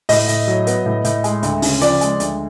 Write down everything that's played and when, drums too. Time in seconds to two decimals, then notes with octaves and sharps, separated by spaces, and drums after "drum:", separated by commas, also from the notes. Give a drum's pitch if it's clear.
0.09 A2 D#5, drum: open hi-hat
0.28 A2, drum: hi-hat
0.47 F#3
0.67 B3, drum: hi-hat
0.86 A2
1.05 A2, drum: hi-hat
1.24 G#3, drum: hi-hat
1.43 D2, drum: hi-hat
1.62 C#3, drum: open hi-hat
1.81 F3 D5, drum: hi-hat
2.01 G#3, drum: hi-hat
2.20 D2, drum: hi-hat